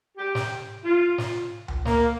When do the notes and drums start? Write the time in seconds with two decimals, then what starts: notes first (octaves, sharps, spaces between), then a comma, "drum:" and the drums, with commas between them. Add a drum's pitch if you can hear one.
0.18 G4
0.35 drum: snare
0.85 F4
1.18 drum: snare
1.68 drum: tom C#2
1.85 A#3, drum: snare